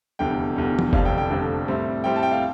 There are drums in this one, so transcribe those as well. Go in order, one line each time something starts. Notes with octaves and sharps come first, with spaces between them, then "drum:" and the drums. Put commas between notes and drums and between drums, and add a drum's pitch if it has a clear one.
F1 E2 D3 G3 G5
F1 E2 D3 G3
drum: tom E3
F1 F2 D3 G3 D4 F5, drum: kick F#1
G5
G5
F1 F2 D3 G3 D4
A2 G3 C4 E4
A2 G3 C4 E4 G5
A5
G5
F5